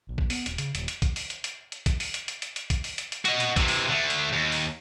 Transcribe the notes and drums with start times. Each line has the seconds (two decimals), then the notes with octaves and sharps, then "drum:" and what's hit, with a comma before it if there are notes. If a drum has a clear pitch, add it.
0.09 A#1
0.18 drum: kick A1
0.30 B3, drum: open hi-hat
0.46 D#1, drum: hi-hat
0.58 C#3, drum: hi-hat
0.75 D#1, drum: hi-hat
0.88 drum: hi-hat
1.02 drum: kick A1, hi-hat
1.16 drum: open hi-hat
1.30 drum: hi-hat
1.44 drum: hi-hat
1.72 drum: hi-hat
1.86 drum: kick A1, hi-hat
2.00 drum: open hi-hat
2.14 drum: hi-hat
2.28 drum: hi-hat
2.42 drum: hi-hat
2.56 drum: hi-hat
2.70 drum: kick A1, hi-hat
2.84 drum: open hi-hat
2.98 drum: hi-hat
3.12 drum: hi-hat
3.25 F#4 D#5, drum: hi-hat
3.40 drum: hi-hat
3.56 C3 E3, drum: kick A1, hi-hat
3.68 drum: open hi-hat
3.89 D3 A3
4.10 drum: hi-hat
4.33 D#2
4.52 drum: open hi-hat